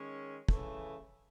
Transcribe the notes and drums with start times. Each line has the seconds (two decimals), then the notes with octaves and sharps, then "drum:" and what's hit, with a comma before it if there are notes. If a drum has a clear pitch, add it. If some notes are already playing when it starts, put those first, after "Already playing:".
Already playing: D#3 G#3 C#4
0.49 C#3 E3 A3, drum: kick